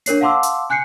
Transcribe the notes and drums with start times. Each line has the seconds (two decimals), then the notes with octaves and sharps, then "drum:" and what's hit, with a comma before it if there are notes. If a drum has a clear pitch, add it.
0.06 D4 A#4 C#5 C7, drum: hi-hat
0.21 F5 F#5 A5 C6 D6 E6
0.43 drum: hi-hat
0.70 G#5 F#6 G6 C7 C#7